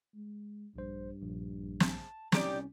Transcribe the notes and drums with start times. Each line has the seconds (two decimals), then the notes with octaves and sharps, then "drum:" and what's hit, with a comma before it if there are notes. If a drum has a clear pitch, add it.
0.15 G#3
0.76 A#1 G2 C5
1.22 A#1
1.80 A5, drum: snare
2.32 C2 C#4 D#4 G4 D5, drum: snare